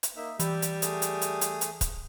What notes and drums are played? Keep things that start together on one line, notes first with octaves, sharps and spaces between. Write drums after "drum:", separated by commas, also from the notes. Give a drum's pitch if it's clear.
drum: hi-hat
A#3 D#4 E5
E3 G3 G4, drum: hi-hat
drum: hi-hat
A3 G#4 D#6, drum: hi-hat
drum: hi-hat
drum: hi-hat
drum: hi-hat
drum: hi-hat
drum: kick, hi-hat